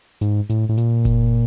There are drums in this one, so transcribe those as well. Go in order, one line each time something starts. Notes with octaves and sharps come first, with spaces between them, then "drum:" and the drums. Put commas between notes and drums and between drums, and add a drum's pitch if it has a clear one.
G#2, drum: hi-hat
A2, drum: hi-hat
A2
A#2, drum: hi-hat
drum: kick F#1, hi-hat